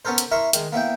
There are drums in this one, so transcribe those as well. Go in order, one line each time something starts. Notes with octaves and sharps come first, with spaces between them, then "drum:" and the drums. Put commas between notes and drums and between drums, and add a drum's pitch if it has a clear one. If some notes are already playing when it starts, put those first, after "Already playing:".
B3 C#4 A4 A#4 C5
drum: hi-hat
E4 A#4 E5 C6 C#6
D#3 G#3, drum: hi-hat
A#3 B3 E4 G5